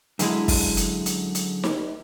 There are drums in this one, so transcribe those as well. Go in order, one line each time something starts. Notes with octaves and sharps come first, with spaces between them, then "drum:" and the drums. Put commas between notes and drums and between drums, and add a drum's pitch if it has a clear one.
F#2 D3 G#3 E4, drum: hi-hat
drum: kick, open hi-hat
drum: hi-hat
drum: hi-hat
drum: hi-hat
drum: snare D#4